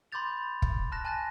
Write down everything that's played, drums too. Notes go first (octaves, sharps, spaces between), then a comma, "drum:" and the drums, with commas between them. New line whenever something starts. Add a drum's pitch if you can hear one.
B5 C6 D6 G6 A6 F7
drum: kick
A5 F6 F#6 A#6 E7
G#5 A5 F#6 A6 A#6